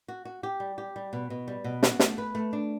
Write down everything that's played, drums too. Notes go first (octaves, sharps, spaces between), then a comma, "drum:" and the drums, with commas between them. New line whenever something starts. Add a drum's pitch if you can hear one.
F#4
F#4
G4
G3
G4
G3
B2
B2
G3
B2
F#4, drum: snare
A3, drum: snare
B4
A3
D4